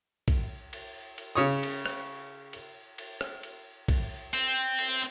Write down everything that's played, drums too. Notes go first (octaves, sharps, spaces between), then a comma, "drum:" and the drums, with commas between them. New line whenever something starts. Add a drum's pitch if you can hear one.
drum: kick, cymbal
drum: cymbal
drum: cymbal
C#3 C#5 D#6
drum: cymbal
drum: rim click
drum: cymbal
drum: cymbal
drum: rim click
drum: cymbal
drum: kick, cymbal
C4, drum: cymbal
drum: cymbal